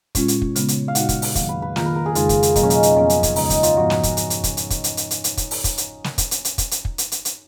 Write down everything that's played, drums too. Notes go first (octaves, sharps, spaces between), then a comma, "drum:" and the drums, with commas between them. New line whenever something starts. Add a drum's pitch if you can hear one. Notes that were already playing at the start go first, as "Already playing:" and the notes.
A#2 G#3 C#4 F4 C#5, drum: kick, hi-hat
drum: hi-hat
drum: kick
C#3 G#3 B3, drum: hi-hat
drum: hi-hat
F5
A#2 G#3 D#4 F#4 F#5, drum: hi-hat
drum: kick, hi-hat
drum: open hi-hat
F2 D#3 F#3 A#3 F5, drum: kick, hi-hat
B4
B4
D#3 A#3 F4 A#4, drum: snare
B4
A#4
G#4
F2 C#3 G#3 D#4 F4, drum: hi-hat
drum: kick, hi-hat
drum: hi-hat
B2 F#3 A#3 D#4, drum: kick, hi-hat
C#4
D#4, drum: hi-hat
drum: hi-hat
F2 F3 B3 C#4
drum: hi-hat
drum: kick, hi-hat
D#2 C#3 G#3 B3 D#4, drum: open hi-hat
D#4, drum: kick, hi-hat
F4, drum: hi-hat
G#2 F3 B3 F#4
drum: snare
drum: kick, hi-hat
drum: hi-hat
drum: hi-hat
drum: kick, hi-hat
drum: hi-hat
drum: kick, hi-hat
drum: hi-hat
drum: hi-hat
drum: hi-hat
drum: hi-hat
drum: kick, hi-hat
drum: open hi-hat
drum: kick, hi-hat
drum: hi-hat
drum: snare
drum: kick, hi-hat
drum: hi-hat
drum: hi-hat
drum: kick, hi-hat
drum: hi-hat
drum: kick
drum: hi-hat
drum: hi-hat
drum: hi-hat